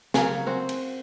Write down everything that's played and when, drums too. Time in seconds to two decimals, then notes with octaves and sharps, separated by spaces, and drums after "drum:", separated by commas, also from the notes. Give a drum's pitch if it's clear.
0.14 C#3 F#3 A#4 C#5 F5 G#5 A#5, drum: snare
0.47 C4 F#4
0.69 drum: cymbal